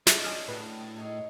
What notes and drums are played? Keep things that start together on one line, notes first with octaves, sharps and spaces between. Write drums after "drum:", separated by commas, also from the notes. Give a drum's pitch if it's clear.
C#4 D#4 G#4 A4 D5 E5, drum: snare
D4 G#5 D#6 F6
A2 F#4 G#4 B4 E5
D#4 G#4 C#5